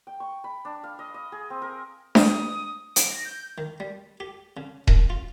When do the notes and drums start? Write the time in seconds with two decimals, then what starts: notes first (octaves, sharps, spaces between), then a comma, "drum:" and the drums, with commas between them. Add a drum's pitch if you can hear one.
0.07 G5
0.20 C#6
0.44 B5
0.65 D4
0.84 F5
0.99 D#5
1.14 D#5
1.32 G#4
1.50 C4
1.62 A#4
2.15 D#6, drum: snare D4
2.96 D7, drum: hi-hat
3.10 A#6
3.25 G6
3.58 D#3
3.80 G3
4.20 G4
4.57 C#3
4.88 F#2, drum: kick D#1
5.10 F4